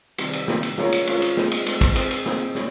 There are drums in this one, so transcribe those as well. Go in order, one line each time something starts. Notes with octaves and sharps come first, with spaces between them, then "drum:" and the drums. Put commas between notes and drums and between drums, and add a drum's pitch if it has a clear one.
C3 D#3 G3, drum: cymbal
drum: cymbal
C3 D#3 G3, drum: snare
drum: cymbal
G#3 C#4 F4 A#4 C#5, drum: snare
drum: cymbal
G#3 C#4 F4 A#4 C#5, drum: cymbal
drum: cymbal
G#3 C4 D#4, drum: snare
drum: cymbal
G#3 C4 D#4, drum: cymbal
drum: kick, cymbal
C4 D#4 G#4, drum: cymbal
drum: cymbal
C4 D#4 G#4, drum: snare
G3 C#4, drum: snare